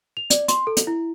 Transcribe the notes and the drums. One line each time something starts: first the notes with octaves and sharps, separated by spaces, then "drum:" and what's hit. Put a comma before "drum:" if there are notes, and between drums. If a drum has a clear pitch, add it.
F7
D5, drum: hi-hat
C6, drum: hi-hat
A4
drum: hi-hat
E4